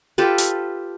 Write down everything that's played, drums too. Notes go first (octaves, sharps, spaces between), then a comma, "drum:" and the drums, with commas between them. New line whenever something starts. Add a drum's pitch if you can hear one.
F4 G4 A4 B4
drum: hi-hat